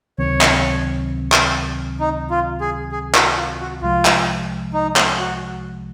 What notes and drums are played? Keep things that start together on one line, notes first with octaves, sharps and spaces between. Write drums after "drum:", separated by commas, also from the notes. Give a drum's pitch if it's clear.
C#2 C3 D#3 F#3 C4 C#5
drum: clap
drum: clap
D#4
F4
G#4
G#4
F#4, drum: clap
F4
F#4
C2 C3 F3 G#3 F4
drum: clap
D#4
drum: clap
F#4